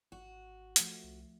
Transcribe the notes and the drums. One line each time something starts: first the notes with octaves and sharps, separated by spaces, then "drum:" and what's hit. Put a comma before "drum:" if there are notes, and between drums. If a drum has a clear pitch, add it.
G#1 F#4
F3 A3, drum: hi-hat
C2